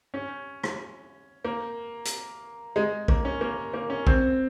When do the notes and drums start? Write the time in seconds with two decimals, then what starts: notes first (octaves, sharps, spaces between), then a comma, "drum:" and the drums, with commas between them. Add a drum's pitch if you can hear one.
0.14 C#4
0.64 drum: rim click
1.45 A#3
2.05 drum: hi-hat
2.76 G#3
3.08 A#3, drum: kick
3.25 C#4
3.41 A#3
3.74 A#3
3.90 C#4
4.07 C4, drum: kick